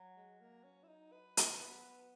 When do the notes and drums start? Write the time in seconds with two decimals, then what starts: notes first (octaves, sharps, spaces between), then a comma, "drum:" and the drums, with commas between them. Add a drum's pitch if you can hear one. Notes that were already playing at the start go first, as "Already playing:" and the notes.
Already playing: F#3
0.17 G#3
0.41 A#3
0.64 C#4
0.83 E4
0.88 D#4
1.12 B4
1.37 drum: hi-hat
1.60 B3